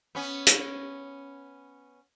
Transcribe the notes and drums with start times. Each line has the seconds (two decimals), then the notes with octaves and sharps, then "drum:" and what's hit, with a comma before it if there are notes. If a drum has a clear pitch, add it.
0.15 B3 C#4
0.46 drum: hi-hat